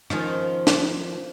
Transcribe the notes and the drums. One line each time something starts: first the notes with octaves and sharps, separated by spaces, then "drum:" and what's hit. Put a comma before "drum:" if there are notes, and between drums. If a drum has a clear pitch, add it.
D#3 F3 C#4, drum: rim click
drum: snare